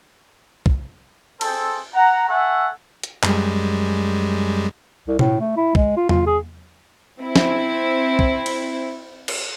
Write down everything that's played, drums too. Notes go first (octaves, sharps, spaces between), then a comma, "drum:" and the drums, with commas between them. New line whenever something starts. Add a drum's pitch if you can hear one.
drum: kick
C4 G#4 A4 C5, drum: cymbal
F#5 A#5
A4 E5 F#5 G#5 C#6
drum: hi-hat
F#2 G3 G#3, drum: clap
C2
A2, drum: tom B2
A3
E4
G#3, drum: kick
F4
F4, drum: tom E2
G#4
C4 E4
drum: snare
drum: kick
drum: cymbal
drum: cymbal